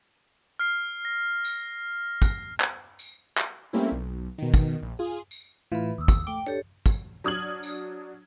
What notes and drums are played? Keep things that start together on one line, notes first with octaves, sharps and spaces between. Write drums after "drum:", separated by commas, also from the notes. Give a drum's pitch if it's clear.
F6 C7
A#6
drum: tambourine
drum: kick, tambourine
drum: clap
drum: tambourine
drum: clap
G3 A3 A#3 C4 C#4 E4
B1
B2 D#3
drum: kick, tambourine
A#1
F4 G#4
drum: tambourine
A2 E3 F4 B4 E5 B5
D#2 D#6 E6
drum: kick, tambourine
A3 G5 D6
D4 G4 A4 C#5
drum: kick, tambourine
F#3 D4 D#6 F6 G#6 F#7
drum: tambourine